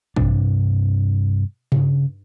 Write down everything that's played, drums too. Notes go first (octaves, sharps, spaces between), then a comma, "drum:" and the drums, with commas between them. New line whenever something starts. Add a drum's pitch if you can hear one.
G2 C3 D4, drum: kick A#1
C#3, drum: tom G2